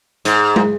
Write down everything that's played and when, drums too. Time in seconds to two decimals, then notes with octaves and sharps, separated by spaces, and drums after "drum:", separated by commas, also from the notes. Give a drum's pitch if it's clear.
0.25 G#2, drum: hi-hat
0.56 drum: tom